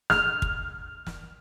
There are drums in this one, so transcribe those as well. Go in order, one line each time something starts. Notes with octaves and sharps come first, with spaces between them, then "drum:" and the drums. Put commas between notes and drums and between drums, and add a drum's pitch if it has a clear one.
F6, drum: snare
drum: kick
drum: snare